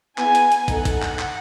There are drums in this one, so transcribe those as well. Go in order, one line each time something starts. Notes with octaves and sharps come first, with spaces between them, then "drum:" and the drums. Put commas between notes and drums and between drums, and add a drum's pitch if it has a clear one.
B3 E4 G#4 G#5, drum: clap
drum: hi-hat
drum: hi-hat
D#4 A4 F#5, drum: kick, hi-hat
drum: kick, hi-hat
drum: clap
drum: clap